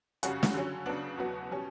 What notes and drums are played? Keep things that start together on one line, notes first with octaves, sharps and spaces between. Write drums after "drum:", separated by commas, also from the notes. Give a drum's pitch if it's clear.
F#2 C#3 G3 C#4 F#4, drum: hi-hat
drum: snare
D3 F#3 C#4
C#3 F#3 B3 D4
E2 B2 F#3 B3 F#4
B2 G3 C#4